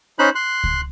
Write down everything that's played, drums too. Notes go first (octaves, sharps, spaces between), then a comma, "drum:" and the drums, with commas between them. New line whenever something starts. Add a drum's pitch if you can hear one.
C#4 D#4 C5 B5 F#6
C6 F#6
drum: kick C#2